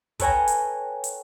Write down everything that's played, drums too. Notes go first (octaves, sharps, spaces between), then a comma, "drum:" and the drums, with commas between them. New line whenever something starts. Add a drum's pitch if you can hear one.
A4 B4 C#5 G5 G#5 A#5, drum: kick, hi-hat
drum: hi-hat
drum: hi-hat